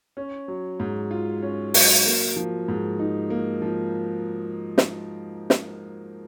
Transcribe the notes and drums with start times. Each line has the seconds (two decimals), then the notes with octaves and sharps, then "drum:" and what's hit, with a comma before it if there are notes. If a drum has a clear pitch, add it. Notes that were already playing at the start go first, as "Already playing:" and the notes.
0.17 C#4
0.48 F#3
0.80 G#2
1.11 F4
1.42 C#4
1.74 F#3, drum: open hi-hat
2.06 A#3
2.36 F3
2.68 G#2
2.99 D#4
3.30 A#3
3.62 F3
4.78 drum: snare
5.50 drum: snare